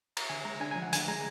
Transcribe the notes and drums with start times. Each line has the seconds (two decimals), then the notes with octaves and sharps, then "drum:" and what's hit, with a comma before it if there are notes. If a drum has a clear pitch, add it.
0.17 A#5, drum: cymbal
0.29 D3 G#5
0.45 G#3 A#5
0.60 D4 G#5
0.71 F3 G#5
0.82 F#5
0.93 D3 G#5, drum: hi-hat
1.08 G#3 A#5